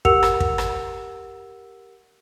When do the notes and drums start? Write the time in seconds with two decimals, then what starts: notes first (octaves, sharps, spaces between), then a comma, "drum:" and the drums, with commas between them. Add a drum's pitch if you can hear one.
0.05 G4 A#4 F#5 E6 C#7 F7, drum: kick
0.23 drum: rim click
0.40 drum: kick
0.58 drum: rim click